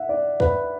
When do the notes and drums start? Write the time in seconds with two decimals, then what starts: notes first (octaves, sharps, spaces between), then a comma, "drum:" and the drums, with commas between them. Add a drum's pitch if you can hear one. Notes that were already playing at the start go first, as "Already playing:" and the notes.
Already playing: E5 F#5
0.09 D5
0.40 B4, drum: kick